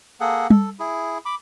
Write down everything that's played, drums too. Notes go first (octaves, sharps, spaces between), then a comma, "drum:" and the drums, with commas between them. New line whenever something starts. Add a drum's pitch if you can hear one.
A#3 G#4 A4 F#5
A4, drum: tom G3
E4 G#4
B5 D6